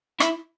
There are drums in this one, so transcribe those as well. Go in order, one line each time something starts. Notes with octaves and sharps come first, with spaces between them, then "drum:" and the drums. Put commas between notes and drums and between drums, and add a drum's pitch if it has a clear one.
E4, drum: rim click